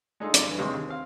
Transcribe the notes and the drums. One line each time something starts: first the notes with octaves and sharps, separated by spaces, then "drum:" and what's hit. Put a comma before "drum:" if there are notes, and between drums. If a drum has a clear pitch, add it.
G#3 D4 D#4 F4 G#4 A4
F#2 D4 F4 D5 A#5, drum: hi-hat
G2 E3
D#2 C3 G#3 G#4 C#5 C6
D#2
C4 F5